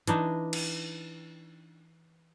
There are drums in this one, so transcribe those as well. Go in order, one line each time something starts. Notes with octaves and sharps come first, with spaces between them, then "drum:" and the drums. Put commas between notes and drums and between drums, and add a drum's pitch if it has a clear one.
E3 D4 D#4, drum: hi-hat
drum: cymbal